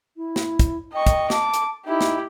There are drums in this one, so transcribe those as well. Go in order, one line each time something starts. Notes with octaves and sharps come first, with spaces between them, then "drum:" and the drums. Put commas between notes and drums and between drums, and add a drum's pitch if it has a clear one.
E4
drum: snare
drum: kick, hi-hat
D#5 G5 C#6
drum: kick, hi-hat
A5 D6, drum: snare
drum: hi-hat
D#4 E4 G4
drum: snare